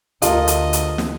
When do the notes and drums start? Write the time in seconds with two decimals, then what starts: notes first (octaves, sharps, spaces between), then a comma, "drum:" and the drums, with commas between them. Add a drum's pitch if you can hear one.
0.22 D2 F4 G4 A4 A#4 D#5, drum: hi-hat
0.48 drum: hi-hat
0.73 drum: hi-hat
0.98 drum: snare